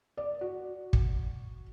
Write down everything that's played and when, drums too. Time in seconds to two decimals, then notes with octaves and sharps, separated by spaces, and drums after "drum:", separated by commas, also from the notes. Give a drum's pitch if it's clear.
0.17 D5
0.41 F#4
0.93 drum: kick